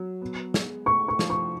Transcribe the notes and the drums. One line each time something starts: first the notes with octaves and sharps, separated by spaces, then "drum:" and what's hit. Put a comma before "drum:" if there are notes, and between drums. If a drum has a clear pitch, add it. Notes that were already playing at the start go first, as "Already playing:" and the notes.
Already playing: F#3
B3
G#3, drum: snare
A3 C#6
C#6
F3, drum: snare
C#6